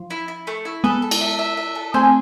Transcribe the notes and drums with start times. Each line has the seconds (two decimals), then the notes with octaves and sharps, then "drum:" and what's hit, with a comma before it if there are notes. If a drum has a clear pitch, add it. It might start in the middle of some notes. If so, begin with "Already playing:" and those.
Already playing: F3
0.10 E4
0.28 E4
0.47 A3
0.65 E4
0.84 G#3 B3 A4
1.02 A4
1.11 drum: cymbal
1.21 E5
1.39 E5
1.57 E5
1.75 A4
1.94 A3 C4 G#4